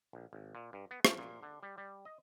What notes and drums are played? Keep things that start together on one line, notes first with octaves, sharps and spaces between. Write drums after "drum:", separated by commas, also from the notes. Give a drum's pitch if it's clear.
A#1
G#1
A#2
G2
B3
F3, drum: rim click
A#2
D3
G3
G3
D#5